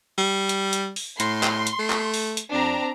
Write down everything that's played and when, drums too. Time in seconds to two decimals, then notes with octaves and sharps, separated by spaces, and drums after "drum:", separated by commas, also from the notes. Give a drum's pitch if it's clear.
0.18 G3
0.49 drum: hi-hat
0.73 drum: hi-hat
0.96 drum: open hi-hat
1.20 A2 C6, drum: hi-hat
1.43 drum: clap
1.67 drum: hi-hat
1.79 A3
1.90 drum: clap
2.14 drum: open hi-hat
2.37 drum: hi-hat
2.53 F2 C4 D4 A#5